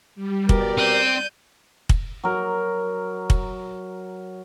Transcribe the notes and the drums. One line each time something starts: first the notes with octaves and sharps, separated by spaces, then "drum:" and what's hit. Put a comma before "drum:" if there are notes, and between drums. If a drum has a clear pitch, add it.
G3
B2 G4 A#4 D5, drum: kick
C4 G6 D#7
drum: kick
F#3 A#4
drum: kick